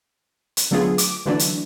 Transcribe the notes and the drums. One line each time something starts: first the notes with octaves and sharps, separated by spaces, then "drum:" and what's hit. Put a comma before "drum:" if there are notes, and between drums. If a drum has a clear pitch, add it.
drum: hi-hat
D3 F#3 A3 B3 F4 G#4
D6, drum: hi-hat
D3 E3 F#3 A3 D4
drum: hi-hat